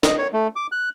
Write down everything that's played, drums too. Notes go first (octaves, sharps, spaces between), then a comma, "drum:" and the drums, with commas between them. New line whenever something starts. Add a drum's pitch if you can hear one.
D#5, drum: snare
C#5
A3
D6
F#6